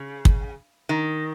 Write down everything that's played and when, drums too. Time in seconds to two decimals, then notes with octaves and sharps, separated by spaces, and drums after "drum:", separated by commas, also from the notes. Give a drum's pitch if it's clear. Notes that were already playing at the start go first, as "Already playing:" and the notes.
Already playing: C#3
0.25 drum: kick
0.89 D#3